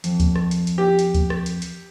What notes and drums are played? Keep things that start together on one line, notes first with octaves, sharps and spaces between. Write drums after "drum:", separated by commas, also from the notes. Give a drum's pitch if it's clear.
F2, drum: hi-hat
drum: kick D2, hi-hat
drum: rim click
drum: hi-hat
drum: hi-hat
G4
drum: hi-hat
drum: kick D2, hi-hat
drum: rim click
drum: hi-hat
drum: hi-hat